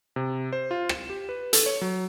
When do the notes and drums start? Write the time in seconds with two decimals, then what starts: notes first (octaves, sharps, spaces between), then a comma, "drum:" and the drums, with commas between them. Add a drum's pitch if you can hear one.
0.16 C3
0.53 C5
0.71 F4
0.89 E7, drum: rim click
1.10 G4
1.29 B4
1.53 A4, drum: hi-hat
1.66 C#5
1.82 F#3